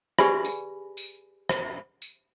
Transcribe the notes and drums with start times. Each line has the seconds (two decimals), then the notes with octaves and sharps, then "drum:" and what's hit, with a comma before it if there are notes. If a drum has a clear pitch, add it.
0.19 G4 G#4 B4 D5 G#5 B5, drum: rim click
0.45 drum: tambourine
0.97 drum: tambourine
1.49 drum: rim click
2.02 drum: tambourine